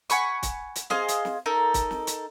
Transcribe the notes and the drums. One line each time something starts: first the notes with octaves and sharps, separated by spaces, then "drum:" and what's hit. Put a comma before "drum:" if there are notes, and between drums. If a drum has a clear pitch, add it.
F#5 G#5 B5 C#6, drum: hi-hat
drum: kick, hi-hat
drum: hi-hat
G#4 C5 D#5 F5, drum: snare
drum: hi-hat
drum: snare
D#4 A4 A#4
drum: kick, hi-hat
drum: snare
drum: hi-hat